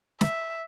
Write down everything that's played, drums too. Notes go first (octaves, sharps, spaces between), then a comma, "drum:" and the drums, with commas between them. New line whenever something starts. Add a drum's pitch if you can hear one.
E5, drum: snare